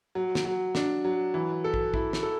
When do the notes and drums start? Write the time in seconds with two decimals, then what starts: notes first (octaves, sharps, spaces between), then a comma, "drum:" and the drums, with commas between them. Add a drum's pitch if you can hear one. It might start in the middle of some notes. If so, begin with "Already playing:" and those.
0.15 F#3
0.35 drum: snare
0.45 F#3
0.75 D4, drum: snare
1.05 F#3
1.34 E3
1.64 A4
1.74 drum: kick
1.94 E4, drum: kick
2.13 drum: snare
2.23 A4